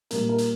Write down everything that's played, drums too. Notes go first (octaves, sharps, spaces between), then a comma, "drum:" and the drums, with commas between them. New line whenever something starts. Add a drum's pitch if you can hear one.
A#2 G3 A#3 A#4, drum: hi-hat
A#4
drum: hi-hat